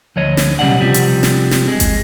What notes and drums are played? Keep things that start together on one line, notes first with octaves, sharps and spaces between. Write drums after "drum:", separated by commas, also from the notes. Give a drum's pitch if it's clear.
D2 F3 C#5 D#5
drum: snare
B1 C#3 F#3 G3 D5 F#5
C3 F3 G3
drum: hi-hat
drum: snare
drum: snare
G#3
drum: kick G1, hi-hat